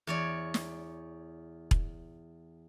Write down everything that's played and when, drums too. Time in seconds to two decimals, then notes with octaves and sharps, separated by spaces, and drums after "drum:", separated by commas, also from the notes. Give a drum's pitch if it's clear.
0.07 E2 C#5 D5
0.54 drum: snare
1.71 drum: kick E1